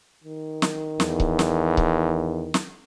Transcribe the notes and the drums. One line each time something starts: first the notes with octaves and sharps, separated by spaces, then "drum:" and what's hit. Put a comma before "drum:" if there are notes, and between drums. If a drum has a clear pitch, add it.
D#3
drum: snare
E2, drum: snare
drum: kick C#1
drum: snare
drum: kick C#1
drum: snare